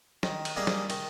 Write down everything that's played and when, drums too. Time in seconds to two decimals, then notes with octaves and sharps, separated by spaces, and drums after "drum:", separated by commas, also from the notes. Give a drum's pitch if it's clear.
0.23 D#3, drum: snare
0.45 drum: cymbal
0.56 G3 A#3 D#4 G#4
0.67 drum: snare
0.90 D#3, drum: cymbal